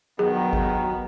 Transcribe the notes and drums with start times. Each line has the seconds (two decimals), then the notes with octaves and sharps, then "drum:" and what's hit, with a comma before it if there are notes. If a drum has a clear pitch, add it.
0.19 G2 B2 D#3 F#3 B3 G#4
0.53 drum: kick G#1